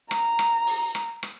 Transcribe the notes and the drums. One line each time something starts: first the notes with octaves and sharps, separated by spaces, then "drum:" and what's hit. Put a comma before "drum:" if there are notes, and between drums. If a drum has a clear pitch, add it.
A#5, drum: rim click
drum: rim click
drum: open hi-hat
drum: rim click
drum: rim click